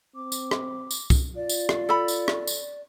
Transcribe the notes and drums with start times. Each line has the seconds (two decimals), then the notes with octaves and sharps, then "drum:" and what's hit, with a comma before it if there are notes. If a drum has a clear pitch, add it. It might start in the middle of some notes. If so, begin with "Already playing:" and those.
0.15 C4 D6
0.32 drum: tambourine
0.51 drum: rim click
0.91 drum: tambourine
1.10 drum: kick, tambourine
1.36 F4 D5
1.49 drum: tambourine
1.69 drum: rim click
1.89 A4 B5
2.08 drum: tambourine
2.28 drum: rim click
2.47 drum: tambourine